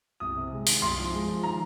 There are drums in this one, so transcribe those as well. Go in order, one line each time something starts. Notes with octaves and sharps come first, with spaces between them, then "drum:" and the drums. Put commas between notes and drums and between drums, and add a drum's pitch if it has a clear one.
C2 D#6
C3
G#3
D#3, drum: open hi-hat
C2 C6
F3
G#3
F3
D#3 A#5